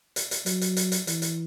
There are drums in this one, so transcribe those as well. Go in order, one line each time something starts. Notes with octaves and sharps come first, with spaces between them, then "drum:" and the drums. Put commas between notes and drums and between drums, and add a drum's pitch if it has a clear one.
drum: hi-hat
drum: hi-hat
F#3, drum: hi-hat
drum: hi-hat
drum: hi-hat
drum: hi-hat
E3, drum: hi-hat
drum: hi-hat